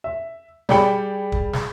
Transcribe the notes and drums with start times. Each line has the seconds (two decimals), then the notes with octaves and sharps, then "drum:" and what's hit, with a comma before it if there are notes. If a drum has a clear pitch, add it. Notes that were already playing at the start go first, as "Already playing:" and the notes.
0.04 E5
0.69 G3 G#4 D5 G5 B5 C#7, drum: snare
1.32 drum: kick
1.53 drum: snare